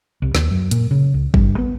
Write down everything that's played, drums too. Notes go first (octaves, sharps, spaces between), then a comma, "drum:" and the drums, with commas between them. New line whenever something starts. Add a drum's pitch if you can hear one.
C2
D#2, drum: snare
F#2
A#2, drum: hi-hat
C#3
C#2
G2, drum: kick
B3